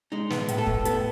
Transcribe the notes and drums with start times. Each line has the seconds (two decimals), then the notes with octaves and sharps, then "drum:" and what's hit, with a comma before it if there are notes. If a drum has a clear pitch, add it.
0.12 G#3 D#4
0.30 B3, drum: snare
0.49 A2, drum: hi-hat
0.58 A4
0.67 A2, drum: kick
0.85 B3 A4, drum: hi-hat